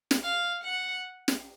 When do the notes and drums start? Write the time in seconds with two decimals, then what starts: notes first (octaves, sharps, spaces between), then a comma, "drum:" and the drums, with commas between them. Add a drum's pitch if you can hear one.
0.11 drum: snare
0.23 F5
0.64 F#5
1.28 drum: snare